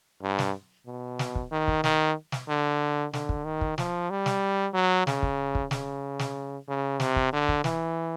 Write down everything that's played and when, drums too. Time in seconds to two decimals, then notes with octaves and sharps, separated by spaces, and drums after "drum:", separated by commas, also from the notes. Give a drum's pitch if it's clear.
0.23 G2
0.39 drum: snare
0.87 B2
1.19 drum: snare
1.35 drum: kick
1.52 D#3
1.68 drum: kick
1.84 D#3, drum: snare
2.32 drum: snare
2.49 D3
3.13 D3, drum: snare
3.29 drum: kick
3.45 D#3
3.61 drum: kick
3.78 F3, drum: snare
4.10 G3
4.26 drum: snare
4.74 F#3
5.07 C#3, drum: snare
5.23 drum: kick
5.55 drum: kick
5.71 C#3, drum: snare
6.19 drum: snare
6.68 C#3
7.00 C3, drum: snare
7.16 drum: kick
7.33 D3
7.48 drum: kick
7.64 E3, drum: snare